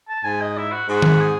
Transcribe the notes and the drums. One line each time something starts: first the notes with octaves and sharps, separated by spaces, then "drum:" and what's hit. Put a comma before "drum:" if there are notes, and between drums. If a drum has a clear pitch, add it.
A5
G#2 G#5
D#5
E4
F#4
G#2 F#4
drum: tom D#3
G#4